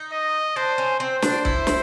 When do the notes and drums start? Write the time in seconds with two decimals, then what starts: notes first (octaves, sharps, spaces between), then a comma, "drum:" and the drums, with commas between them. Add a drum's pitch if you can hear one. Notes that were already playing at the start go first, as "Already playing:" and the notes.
Already playing: D#4
0.12 D#5
0.56 D4 C5
0.78 C#4
1.00 C4 C5
1.22 D4, drum: snare
1.45 E4, drum: kick
1.67 drum: snare